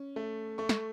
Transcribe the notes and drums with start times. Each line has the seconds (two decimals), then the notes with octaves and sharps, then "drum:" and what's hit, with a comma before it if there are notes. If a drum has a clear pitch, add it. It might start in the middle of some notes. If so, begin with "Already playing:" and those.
Already playing: C#4
0.16 A3
0.58 A3 C#6
0.69 drum: snare